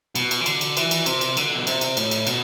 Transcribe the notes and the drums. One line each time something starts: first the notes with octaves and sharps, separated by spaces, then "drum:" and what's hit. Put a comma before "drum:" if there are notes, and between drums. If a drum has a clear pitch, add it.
B2, drum: cymbal
drum: cymbal
E3
D3, drum: cymbal
drum: cymbal
E3, drum: cymbal
drum: cymbal
C3, drum: cymbal
drum: cymbal
D3, drum: cymbal
B2
C3, drum: cymbal
drum: cymbal
A2, drum: cymbal
drum: cymbal
B2, drum: cymbal